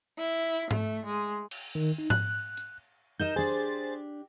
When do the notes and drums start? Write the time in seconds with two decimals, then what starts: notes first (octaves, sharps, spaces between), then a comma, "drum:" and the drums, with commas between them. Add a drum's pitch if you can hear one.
0.18 E4
0.71 A3, drum: tom G#2
1.06 G#3
1.51 drum: cymbal
1.75 D#3
1.98 D#4
2.10 F#6, drum: tom G#2
2.57 drum: hi-hat
3.20 D#4 A#4 D#5 G6 E7
3.36 D4 G4 G#4 C5 A6